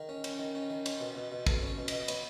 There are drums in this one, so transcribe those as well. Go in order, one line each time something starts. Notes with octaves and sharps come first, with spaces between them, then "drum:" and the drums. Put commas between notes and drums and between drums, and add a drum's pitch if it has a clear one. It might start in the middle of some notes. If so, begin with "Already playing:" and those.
Already playing: D#3 G#4
C#4
C#4, drum: cymbal
D#3
C#4
D#3
C#4, drum: cymbal
B2
B2
B2
B2 A4, drum: kick
C#4 C#5
B2
D#5, drum: cymbal
B2
D#5
B3 C#5, drum: cymbal